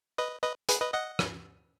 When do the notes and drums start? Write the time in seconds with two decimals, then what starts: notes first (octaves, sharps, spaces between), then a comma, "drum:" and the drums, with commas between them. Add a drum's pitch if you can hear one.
0.18 B4 D#5
0.43 B4 D#5
0.69 G#4 B4, drum: hi-hat
0.81 B4 D#5
0.94 D#5 F#5
1.19 drum: rim click